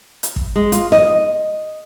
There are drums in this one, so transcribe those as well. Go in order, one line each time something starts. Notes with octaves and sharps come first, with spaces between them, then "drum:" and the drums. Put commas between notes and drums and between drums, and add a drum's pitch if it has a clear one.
drum: hi-hat
drum: kick
G#3
F4, drum: hi-hat
D#5, drum: snare